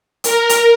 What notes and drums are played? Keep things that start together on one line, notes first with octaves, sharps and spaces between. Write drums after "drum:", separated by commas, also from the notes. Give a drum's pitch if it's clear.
A#4, drum: hi-hat
drum: hi-hat